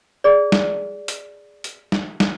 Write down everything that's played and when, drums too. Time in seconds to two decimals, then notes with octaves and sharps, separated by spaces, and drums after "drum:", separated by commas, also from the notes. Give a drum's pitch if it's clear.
0.24 G#4 D5
0.52 drum: snare
1.08 drum: hi-hat
1.64 drum: hi-hat
1.92 drum: snare
2.20 drum: snare